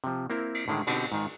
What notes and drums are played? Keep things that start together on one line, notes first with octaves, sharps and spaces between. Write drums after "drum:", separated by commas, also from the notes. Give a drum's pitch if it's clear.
C3 F3
A#3 C4 E4 A#4
drum: cymbal
A2 D3 D#3 G#3
B2 D3 C4 D#4 G4, drum: cymbal
G#2 D#3